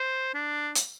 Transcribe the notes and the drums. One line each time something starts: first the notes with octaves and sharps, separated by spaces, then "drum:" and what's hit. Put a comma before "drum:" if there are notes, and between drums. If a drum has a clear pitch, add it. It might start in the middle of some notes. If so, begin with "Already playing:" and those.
Already playing: C5
D4
drum: hi-hat